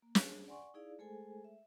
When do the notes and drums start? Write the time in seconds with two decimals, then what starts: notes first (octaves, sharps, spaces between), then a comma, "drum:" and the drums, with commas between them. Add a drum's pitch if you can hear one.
0.02 A#3
0.15 D4 G#4, drum: snare
0.47 D5 F#5 G#5 C6 C#6
0.74 D#4 E4 G#4 D5 F5
0.99 G#3 A3 G#4 A4 C5 G#5
1.44 E5